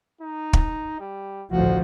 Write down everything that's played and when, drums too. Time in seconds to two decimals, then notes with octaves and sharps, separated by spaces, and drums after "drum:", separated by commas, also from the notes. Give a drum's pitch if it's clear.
0.21 D#4
0.53 drum: kick
1.00 G3
1.51 A1 D2 F3 F#4